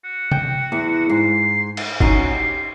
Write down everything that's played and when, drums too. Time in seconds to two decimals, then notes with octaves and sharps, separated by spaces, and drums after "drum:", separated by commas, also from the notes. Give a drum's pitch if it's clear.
0.04 F#4
0.32 G5, drum: tom C3
0.72 E2
1.10 G#2 C6
1.77 drum: cymbal
2.00 C#4 D#4 F#4 C6, drum: kick
2.31 G4